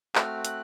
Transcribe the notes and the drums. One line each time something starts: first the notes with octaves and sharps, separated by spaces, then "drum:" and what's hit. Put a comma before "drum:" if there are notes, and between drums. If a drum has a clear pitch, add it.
A3 C4 F#4 F6, drum: clap
F#6, drum: hi-hat